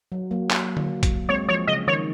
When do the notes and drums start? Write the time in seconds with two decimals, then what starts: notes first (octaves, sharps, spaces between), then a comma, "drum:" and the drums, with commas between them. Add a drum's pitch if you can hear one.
0.12 F#3
0.31 F#3 A#3
0.51 drum: clap
0.77 drum: tom D3
1.03 drum: kick, hi-hat
1.29 G#3 C4 C#5
1.48 F3 C#5
1.67 C#3 D#5
1.87 D#3 C#5